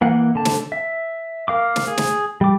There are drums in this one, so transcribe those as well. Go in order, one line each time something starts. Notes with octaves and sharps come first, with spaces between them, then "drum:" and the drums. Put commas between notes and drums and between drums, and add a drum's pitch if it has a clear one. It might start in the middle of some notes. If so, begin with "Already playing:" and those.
E3 A#3 F#5
D3 A5
drum: snare
E5
A#4 F5 D6
drum: snare
G#4
drum: snare
G3 D6